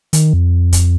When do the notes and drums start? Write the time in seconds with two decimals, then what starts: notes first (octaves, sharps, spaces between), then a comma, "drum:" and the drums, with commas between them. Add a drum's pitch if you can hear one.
0.13 D#3, drum: hi-hat
0.33 F2
0.73 drum: kick, hi-hat